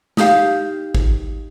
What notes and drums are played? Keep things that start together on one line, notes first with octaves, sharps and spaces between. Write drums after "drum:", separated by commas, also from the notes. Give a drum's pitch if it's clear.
D#4 G4 F5, drum: snare
drum: kick G#1